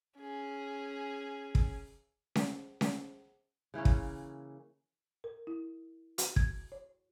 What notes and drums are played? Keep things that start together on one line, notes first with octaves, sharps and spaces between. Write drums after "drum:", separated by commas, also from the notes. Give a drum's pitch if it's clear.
C#4 G#4
drum: kick
drum: snare C#4
drum: snare C#4
C#3 E3 A#3 C#4
drum: kick
A#4
E4
F#4, drum: hi-hat
G#6, drum: kick
C#5